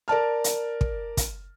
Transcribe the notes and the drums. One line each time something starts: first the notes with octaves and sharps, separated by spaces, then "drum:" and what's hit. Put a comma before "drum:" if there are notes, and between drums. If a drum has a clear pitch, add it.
A#4 D5 A5 F6
drum: hi-hat
drum: kick
drum: kick, hi-hat